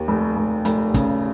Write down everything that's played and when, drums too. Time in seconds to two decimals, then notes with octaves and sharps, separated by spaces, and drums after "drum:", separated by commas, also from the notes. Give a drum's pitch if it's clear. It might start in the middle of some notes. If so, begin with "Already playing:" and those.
Already playing: D#2
0.08 F1
0.36 F1
0.65 F1, drum: hi-hat
0.94 C#3, drum: kick, hi-hat